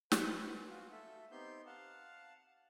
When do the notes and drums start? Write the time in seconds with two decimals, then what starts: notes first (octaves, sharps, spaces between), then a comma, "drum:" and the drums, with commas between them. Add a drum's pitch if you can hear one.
0.12 B4 C5 F#5 G#5 G6, drum: snare
0.69 F4 F#4
0.92 A4 E5
1.31 B3 C4 D#4 G4 C6 G6
1.66 F5 F#5 A5